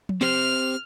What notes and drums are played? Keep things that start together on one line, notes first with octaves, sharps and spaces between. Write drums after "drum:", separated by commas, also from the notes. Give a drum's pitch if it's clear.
drum: tom F3
C4 G4 C5 F6